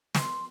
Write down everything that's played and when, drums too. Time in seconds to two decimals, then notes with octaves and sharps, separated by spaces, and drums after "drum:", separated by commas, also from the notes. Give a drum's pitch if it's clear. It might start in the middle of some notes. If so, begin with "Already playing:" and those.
0.15 C6, drum: snare